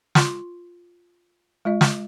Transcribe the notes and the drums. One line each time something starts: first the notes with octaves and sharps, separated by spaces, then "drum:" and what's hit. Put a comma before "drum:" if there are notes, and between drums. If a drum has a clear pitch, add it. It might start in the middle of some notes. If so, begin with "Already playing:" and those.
F4 C6, drum: snare
G#3 F4 D#5
drum: snare